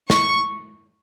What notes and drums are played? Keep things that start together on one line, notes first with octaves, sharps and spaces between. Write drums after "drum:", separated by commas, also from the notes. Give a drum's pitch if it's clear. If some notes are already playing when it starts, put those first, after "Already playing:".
C#6, drum: snare